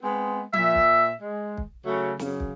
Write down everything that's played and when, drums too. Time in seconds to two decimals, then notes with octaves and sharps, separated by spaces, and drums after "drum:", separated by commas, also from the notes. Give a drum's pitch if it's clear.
0.02 G#3 B3 C4
0.53 A#2 E5, drum: tom F3
0.75 drum: kick
1.22 G#3
1.58 drum: kick
1.85 C#3 F#3 A3
2.19 F#2 C#3, drum: snare
2.40 drum: kick